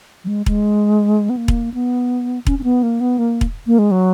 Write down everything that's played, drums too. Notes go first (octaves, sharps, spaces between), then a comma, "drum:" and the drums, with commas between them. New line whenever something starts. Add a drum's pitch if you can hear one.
F#3
G#3
G#3, drum: kick E1
B3
A#3
drum: kick E1
B3
C#4, drum: kick E1
C#4
B3
A#3
B3
A#3
drum: kick E1
A#3
G#3
F#3